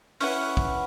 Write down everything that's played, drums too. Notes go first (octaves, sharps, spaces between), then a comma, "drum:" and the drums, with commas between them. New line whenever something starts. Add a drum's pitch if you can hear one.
C#4 E4 B4 F#5, drum: open hi-hat
drum: kick